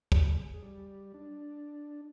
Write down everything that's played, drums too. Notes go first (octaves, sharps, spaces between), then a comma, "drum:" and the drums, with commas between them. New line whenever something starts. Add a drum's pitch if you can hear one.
G#4, drum: kick
G3
D4